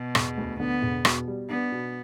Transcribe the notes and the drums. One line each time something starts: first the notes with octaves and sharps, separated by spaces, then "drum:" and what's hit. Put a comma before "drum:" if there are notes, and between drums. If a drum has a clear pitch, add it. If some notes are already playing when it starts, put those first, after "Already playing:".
Already playing: B2
E1, drum: rim click
D2
D3 B3
E1
B2, drum: rim click
G3
B3 D4
B2